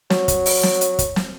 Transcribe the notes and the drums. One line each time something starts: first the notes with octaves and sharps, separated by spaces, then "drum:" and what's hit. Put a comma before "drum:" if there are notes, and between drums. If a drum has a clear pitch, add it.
F#3, drum: snare
drum: kick, hi-hat
drum: open hi-hat
drum: snare
drum: hi-hat
drum: kick, hi-hat
drum: snare